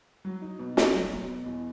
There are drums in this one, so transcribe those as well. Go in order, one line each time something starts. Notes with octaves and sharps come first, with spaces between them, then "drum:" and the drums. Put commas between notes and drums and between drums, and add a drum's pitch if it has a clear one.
F#3
D#4
B2
A3, drum: snare
F#3
B2
B2
E2